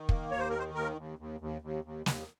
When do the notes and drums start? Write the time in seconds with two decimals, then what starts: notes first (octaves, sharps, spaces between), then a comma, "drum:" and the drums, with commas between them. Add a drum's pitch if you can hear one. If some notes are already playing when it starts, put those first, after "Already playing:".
Already playing: D#3
0.09 A#3, drum: kick
0.31 D#2 C#5
0.39 C5
0.50 D#3 A#4
0.59 C5
0.74 D#2 A#4
0.97 D#2
1.19 D#2
1.40 D#2
1.62 D#2
1.84 D#2
2.06 D#2, drum: snare